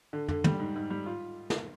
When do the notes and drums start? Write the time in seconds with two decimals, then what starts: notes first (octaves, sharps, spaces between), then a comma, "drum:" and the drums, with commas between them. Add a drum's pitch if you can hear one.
0.13 D3
0.28 D3, drum: tom
0.44 G3, drum: tom
0.59 G#2
0.76 G#2
0.91 G3
1.06 F4
1.50 drum: snare